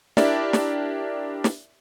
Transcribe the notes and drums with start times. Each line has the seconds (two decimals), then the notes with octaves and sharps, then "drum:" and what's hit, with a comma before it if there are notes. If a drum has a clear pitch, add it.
0.17 D4 E4 G4 A#4 D5 E5, drum: snare
0.53 drum: snare
1.44 drum: snare